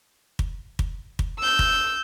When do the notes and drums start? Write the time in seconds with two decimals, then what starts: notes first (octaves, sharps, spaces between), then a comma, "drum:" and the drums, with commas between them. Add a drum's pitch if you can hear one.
0.39 drum: kick
0.79 drum: kick
1.19 drum: kick
1.39 E6 G6
1.59 drum: kick